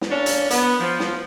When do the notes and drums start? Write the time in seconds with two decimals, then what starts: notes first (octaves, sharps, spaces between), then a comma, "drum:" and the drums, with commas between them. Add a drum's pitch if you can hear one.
0.01 drum: snare
0.11 A#3 C#4 D4
0.26 drum: hi-hat
0.51 B3, drum: hi-hat
0.80 F3
1.00 drum: snare